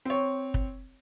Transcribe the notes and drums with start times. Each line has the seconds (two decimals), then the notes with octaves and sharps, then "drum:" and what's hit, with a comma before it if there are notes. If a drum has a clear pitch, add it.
0.05 C4 C#5
0.54 drum: kick